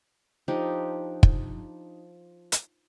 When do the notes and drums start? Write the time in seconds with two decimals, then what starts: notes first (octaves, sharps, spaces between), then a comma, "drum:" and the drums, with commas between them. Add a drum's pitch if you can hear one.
0.48 F3 D4 D#4 G4
1.23 drum: kick
2.52 drum: hi-hat